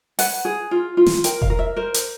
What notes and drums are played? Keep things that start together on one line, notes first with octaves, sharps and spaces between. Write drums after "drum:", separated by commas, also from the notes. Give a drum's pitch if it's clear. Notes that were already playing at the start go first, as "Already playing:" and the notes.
B4 F#5, drum: open hi-hat
G#4
F4
F4
drum: snare
A#4 G5, drum: hi-hat
F5, drum: kick F1
A#4
E5
A#4 C5
drum: hi-hat